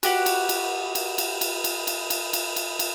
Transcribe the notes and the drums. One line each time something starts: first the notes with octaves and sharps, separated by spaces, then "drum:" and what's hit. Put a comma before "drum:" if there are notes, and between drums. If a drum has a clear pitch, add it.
F#4 G4 F#5, drum: cymbal
drum: cymbal
drum: cymbal
drum: cymbal
drum: cymbal
drum: cymbal
drum: cymbal
drum: cymbal
drum: cymbal
drum: cymbal
drum: cymbal
drum: cymbal